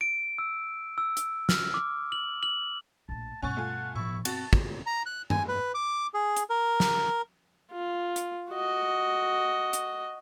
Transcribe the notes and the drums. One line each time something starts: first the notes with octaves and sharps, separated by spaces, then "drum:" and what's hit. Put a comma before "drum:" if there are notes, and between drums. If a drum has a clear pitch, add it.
D7
E6
E6
drum: hi-hat
F6, drum: snare
D6
F#7
F#7
A#1 A2 A5
G2 B2 C#4 F#5 C#6 A6
A3 F4 G#5
A2 F3 E4 C#6
C4 F#4 A5 A6, drum: cymbal
drum: kick
A#5
F#6
G#5, drum: tom G2
B4
D6
G#4
drum: hi-hat
A#4
drum: snare
F4
drum: hi-hat
F#4 D#5
drum: hi-hat